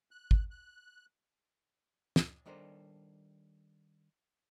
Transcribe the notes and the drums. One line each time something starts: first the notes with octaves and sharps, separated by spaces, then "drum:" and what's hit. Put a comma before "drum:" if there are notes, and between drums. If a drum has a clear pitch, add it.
F#6
drum: kick
F#6
drum: snare
D#3 G3 D4 A4 A#4 C5